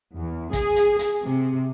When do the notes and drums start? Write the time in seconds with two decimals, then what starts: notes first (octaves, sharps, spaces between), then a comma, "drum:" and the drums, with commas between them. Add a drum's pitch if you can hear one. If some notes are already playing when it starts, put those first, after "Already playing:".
0.16 E2
0.53 G#4, drum: kick, hi-hat
0.76 drum: hi-hat
0.99 drum: hi-hat
1.24 C3